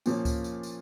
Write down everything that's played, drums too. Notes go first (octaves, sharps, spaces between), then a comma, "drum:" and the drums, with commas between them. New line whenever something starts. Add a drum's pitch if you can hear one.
A#2 F3 A#3 C#4, drum: tambourine
drum: kick C#2, tambourine
drum: tambourine
drum: tambourine